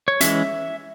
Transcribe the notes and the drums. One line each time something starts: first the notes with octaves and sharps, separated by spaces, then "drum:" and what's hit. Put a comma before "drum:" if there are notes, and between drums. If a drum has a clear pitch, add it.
C#5
E3 G#3 C#4 E5, drum: hi-hat